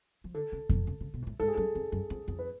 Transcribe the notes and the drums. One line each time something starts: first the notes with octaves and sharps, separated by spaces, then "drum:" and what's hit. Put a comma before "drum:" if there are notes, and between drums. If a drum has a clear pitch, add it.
F3
D3 A4
C#3
B2, drum: kick F2
C#3
C#3
B2
G#2
A2
G#2 A4
G#4
F#2 A4
F2
F#2
F2
F2
B4